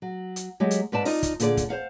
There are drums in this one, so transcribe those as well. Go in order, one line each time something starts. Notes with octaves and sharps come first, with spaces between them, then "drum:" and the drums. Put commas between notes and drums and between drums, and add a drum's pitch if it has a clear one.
F#3
drum: hi-hat
F#3 G#3 G4
drum: hi-hat
G#2 B4 D5 A5
D#4 F4 D5 D#5, drum: open hi-hat
drum: kick, hi-hat
A#2 D3 G#4 B4 D5, drum: hi-hat
drum: kick, hi-hat
C5 C#5 F5 F#5